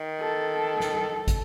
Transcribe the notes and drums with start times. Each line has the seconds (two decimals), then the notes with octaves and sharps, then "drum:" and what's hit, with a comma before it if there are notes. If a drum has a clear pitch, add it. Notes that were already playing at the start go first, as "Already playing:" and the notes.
Already playing: D#3
0.20 A4
0.80 drum: snare
1.28 drum: kick, hi-hat